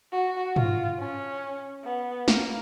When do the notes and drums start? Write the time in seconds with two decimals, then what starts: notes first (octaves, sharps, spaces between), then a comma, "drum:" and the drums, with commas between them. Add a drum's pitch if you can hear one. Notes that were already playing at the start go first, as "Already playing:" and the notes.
0.13 F#4
0.56 F4, drum: tom
0.99 C#4
1.85 B3
2.28 A#3, drum: snare